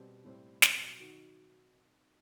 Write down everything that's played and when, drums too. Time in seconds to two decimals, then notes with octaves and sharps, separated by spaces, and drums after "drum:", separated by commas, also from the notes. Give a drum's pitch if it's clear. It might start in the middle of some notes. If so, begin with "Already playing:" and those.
Already playing: B2 G3 C4 G4
0.25 A2 G3 C4
0.62 B2 F#3 C4, drum: snare
1.00 D#3 F#4